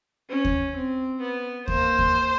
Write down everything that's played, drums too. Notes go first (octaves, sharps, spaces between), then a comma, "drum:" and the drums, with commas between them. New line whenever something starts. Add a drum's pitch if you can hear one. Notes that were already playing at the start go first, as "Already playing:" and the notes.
C#4
drum: kick D#2
C4
B3
A#3 C5, drum: kick D#2
drum: kick D#2